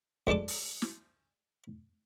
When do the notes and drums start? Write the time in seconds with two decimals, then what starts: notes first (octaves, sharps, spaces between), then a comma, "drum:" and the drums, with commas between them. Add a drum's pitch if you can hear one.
0.27 D2 G#3 D4 A4 D6, drum: kick
0.48 drum: open hi-hat
0.82 drum: snare